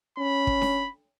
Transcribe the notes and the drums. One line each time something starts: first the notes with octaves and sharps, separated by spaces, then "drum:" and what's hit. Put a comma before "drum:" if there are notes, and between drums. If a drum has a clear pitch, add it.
C#4 B5
drum: kick
drum: snare D4